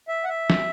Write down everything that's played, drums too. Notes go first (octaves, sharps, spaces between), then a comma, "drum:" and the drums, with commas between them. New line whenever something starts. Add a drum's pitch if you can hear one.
E5
F#5
E5
drum: snare